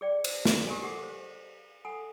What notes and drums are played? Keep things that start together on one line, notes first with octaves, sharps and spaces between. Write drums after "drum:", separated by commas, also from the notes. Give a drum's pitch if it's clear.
G#4 D5 G5
C5, drum: cymbal
drum: snare
G4 A#4 C5 G#5
G4 A4 F#5 D6
C5
A4 F#5 G#5